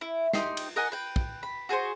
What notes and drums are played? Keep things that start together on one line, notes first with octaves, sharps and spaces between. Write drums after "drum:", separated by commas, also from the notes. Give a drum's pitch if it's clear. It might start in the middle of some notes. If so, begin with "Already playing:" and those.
E4
D#4 G4 C6, drum: snare
drum: cymbal
A#4 D#5 F#5 G#5
B4 G5
drum: kick
B5
F#4 G#4 B4 C5